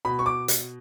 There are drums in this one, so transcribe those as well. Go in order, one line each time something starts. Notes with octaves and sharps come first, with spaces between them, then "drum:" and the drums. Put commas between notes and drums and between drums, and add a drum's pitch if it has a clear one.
B2 B5
C#6
D6
drum: hi-hat